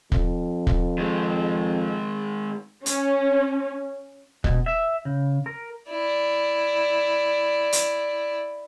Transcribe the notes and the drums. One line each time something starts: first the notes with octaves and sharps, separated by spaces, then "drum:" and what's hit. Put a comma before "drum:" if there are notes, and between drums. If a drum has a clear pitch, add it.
F2, drum: kick
drum: kick
D#3 G#3
C#4, drum: hi-hat
B2, drum: kick
E5
C#3
A#4
E4 D5
drum: hi-hat